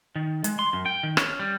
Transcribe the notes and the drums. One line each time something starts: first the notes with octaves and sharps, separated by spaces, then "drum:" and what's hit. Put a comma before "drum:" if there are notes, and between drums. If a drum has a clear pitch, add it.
D#3
G#3, drum: hi-hat
C6
F#2
G5
D#3
C#4, drum: rim click
G3